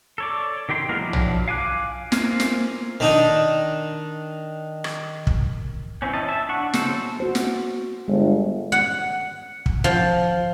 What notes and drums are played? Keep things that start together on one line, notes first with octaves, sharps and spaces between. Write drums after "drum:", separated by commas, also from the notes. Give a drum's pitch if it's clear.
A4 C#5 D5
D#3 G4 G5 C6
E3 G#3 A#3 B3 A#4
F3 F#3 D4 E4
drum: tom
F5 G#5 D6 F#6
A#3 C4 F4 C5 G#5, drum: snare
drum: snare
D#3 D4 D#4
drum: rim click
drum: kick
E3 C4 C#4
C#4 E4 D#5 A5
E5 A5
D4 F#5 C#6
C#3 F#3 A4 C5, drum: snare
F#4 C5
drum: snare
G1 G#3
F#5
drum: kick
F3